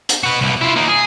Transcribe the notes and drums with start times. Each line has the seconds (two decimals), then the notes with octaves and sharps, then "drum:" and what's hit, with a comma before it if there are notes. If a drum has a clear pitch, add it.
0.09 drum: hi-hat
0.24 F#4 B4
0.41 C2 B2
0.61 E4 F4
0.76 A#3 D#4
0.88 G#4